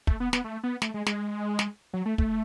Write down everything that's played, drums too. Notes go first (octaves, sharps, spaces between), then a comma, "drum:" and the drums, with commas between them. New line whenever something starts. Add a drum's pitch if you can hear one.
A3, drum: kick
B3
B3, drum: snare
A3
B3
A3, drum: snare
G#3
G#3, drum: snare
drum: snare
F#3
A3
A3, drum: kick